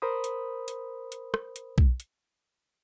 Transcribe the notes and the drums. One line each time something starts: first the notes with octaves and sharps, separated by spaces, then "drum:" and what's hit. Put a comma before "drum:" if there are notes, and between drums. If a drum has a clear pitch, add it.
A#4 C5 B5 D#6
drum: hi-hat
drum: hi-hat
drum: hi-hat
drum: rim click
drum: hi-hat
drum: kick B1
drum: hi-hat